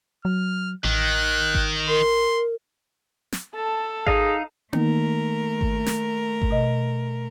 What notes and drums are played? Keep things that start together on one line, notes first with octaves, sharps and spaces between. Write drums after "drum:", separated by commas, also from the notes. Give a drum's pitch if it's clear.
F#3 F6
A1 D#3 F#6
drum: kick G#1
A#4 C6
drum: snare
A4 A5
D#4 G#4 D#5 F5, drum: kick G#1
D#3 A3 A#3 D#4 A#4, drum: tom B3
drum: kick G#1
drum: snare
drum: kick G#1
B2 D#5